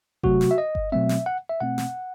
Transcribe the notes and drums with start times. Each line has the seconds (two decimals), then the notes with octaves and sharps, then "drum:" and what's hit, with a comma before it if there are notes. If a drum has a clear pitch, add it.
0.23 C3 F#3 A3 F#4, drum: kick G1
0.41 drum: snare
0.51 E5
0.58 D#5
0.75 drum: kick G1
0.92 B2 F#3 A3 C4 E5
1.09 drum: snare
1.26 F#5
1.49 E5
1.60 B2 A3 C4 F#5
1.78 drum: snare